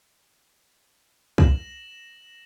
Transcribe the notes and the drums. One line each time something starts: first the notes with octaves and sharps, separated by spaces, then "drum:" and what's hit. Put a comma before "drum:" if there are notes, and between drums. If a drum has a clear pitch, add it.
A#6 E7 F#7, drum: kick C2